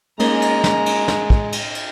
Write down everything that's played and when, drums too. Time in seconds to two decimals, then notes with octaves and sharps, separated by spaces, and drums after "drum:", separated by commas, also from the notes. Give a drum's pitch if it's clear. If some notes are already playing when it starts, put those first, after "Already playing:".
0.19 G#3 A#3 C#4 D#4 A#5, drum: cymbal
0.42 drum: cymbal
0.64 drum: snare
0.86 drum: cymbal
1.08 drum: snare
1.30 drum: kick
1.52 drum: cymbal
1.75 drum: cymbal